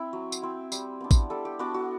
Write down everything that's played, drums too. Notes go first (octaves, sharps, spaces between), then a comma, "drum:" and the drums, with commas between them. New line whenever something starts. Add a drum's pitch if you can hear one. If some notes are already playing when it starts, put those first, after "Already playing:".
Already playing: C4 E4
F#3
drum: tambourine
C4 E4
G3, drum: tambourine
B3 D4
drum: kick A1, tambourine
G3 A4
G4
B3 D4 F#4
F#4